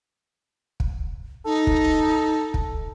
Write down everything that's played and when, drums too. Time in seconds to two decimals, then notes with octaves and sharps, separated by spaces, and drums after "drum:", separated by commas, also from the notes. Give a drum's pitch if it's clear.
0.80 drum: kick
1.45 D#4 A4
1.67 drum: kick
2.54 drum: kick